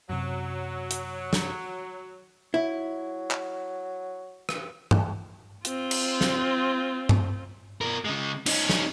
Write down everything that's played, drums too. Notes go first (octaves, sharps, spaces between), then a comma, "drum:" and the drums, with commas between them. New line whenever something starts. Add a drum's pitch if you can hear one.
F#2 C3 F#3
drum: hi-hat
drum: snare
F#3 E4
drum: clap
drum: rim click
drum: tom G2
C4 F4, drum: hi-hat
drum: cymbal
drum: snare
drum: tom G2
B2 A#4
C#3 G#3
C#4 D#4, drum: cymbal
drum: snare